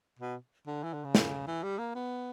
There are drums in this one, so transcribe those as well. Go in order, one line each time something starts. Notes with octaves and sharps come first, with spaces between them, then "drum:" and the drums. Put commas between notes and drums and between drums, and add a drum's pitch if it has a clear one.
B2
D3
E3
D3
C#3
drum: snare
E3
G3
A#3
B3